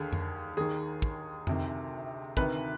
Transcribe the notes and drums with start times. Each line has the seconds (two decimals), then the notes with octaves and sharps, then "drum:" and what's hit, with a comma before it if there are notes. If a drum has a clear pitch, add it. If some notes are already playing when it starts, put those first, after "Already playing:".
Already playing: D#2 D3 G#4
0.13 drum: tom F2
0.57 D#2 D#3 G#4
1.02 drum: kick
1.47 D2 C3 D#3, drum: tom F2
2.37 D2 C3 D#3 B4, drum: kick